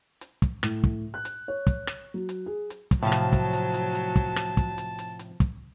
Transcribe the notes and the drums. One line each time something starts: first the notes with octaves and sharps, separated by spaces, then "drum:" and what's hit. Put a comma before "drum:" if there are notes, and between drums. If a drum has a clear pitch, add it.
drum: hi-hat
drum: kick, hi-hat
A2, drum: rim click
drum: kick
F#6
drum: hi-hat
C#5
drum: kick, hi-hat
drum: rim click
F#3
drum: hi-hat
G#4
drum: hi-hat
drum: kick, hi-hat
A2 C3 F3 F#3 F5 A5
drum: rim click
drum: kick, hi-hat
drum: hi-hat
drum: hi-hat
drum: hi-hat
drum: kick, hi-hat
drum: rim click
drum: kick, hi-hat
drum: hi-hat
drum: hi-hat
drum: hi-hat
drum: kick, hi-hat